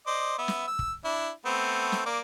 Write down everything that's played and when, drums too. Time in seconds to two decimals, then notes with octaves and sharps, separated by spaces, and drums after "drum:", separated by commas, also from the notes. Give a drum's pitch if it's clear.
0.07 C5 D5 D#5
0.38 B3 E5
0.48 drum: snare
0.67 E6
0.79 drum: kick
1.05 D4 E4
1.46 A3 B3 C4
1.92 drum: snare
2.06 A#3 D5